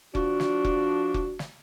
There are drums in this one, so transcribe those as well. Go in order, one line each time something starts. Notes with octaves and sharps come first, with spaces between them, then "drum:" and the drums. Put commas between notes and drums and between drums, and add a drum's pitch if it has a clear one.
F3 D4 F#4, drum: kick F1
drum: snare
drum: kick F1
drum: kick F1
drum: snare